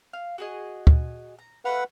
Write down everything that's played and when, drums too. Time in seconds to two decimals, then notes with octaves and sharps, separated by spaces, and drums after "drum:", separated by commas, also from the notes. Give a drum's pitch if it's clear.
0.13 F5
0.38 F#4 G#4 D#5
0.87 drum: kick
1.39 A#5
1.65 A3 A#3 B4 F5 F#5